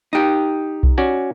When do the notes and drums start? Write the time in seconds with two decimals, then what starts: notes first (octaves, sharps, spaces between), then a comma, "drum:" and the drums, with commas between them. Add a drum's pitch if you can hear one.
0.13 D#4 G4
0.83 drum: kick B1
0.98 C#4 F#4 D5